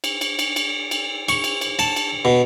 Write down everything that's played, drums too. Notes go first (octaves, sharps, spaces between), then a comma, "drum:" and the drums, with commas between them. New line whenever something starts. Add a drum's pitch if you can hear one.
drum: cymbal
drum: cymbal
drum: cymbal
drum: cymbal
drum: cymbal
C#6, drum: cymbal
drum: cymbal
drum: cymbal
A5, drum: cymbal
drum: cymbal
B2